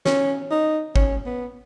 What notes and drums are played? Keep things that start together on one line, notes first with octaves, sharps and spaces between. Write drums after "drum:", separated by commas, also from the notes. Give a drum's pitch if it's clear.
C#4, drum: snare
D#4
C#4, drum: kick G#1
B3